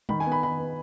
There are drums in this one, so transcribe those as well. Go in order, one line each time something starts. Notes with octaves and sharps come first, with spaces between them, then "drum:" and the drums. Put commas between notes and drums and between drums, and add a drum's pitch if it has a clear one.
D#3 B5, drum: tom G3
G#5
B3
B5
D#3 B5
B3